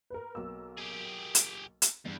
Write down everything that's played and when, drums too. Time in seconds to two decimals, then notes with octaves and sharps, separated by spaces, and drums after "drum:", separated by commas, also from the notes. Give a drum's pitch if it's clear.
0.10 A#4 B4
0.35 B1 A#3 E6
0.78 G4 G#4
1.35 drum: hi-hat
1.82 drum: hi-hat
2.05 E2 G2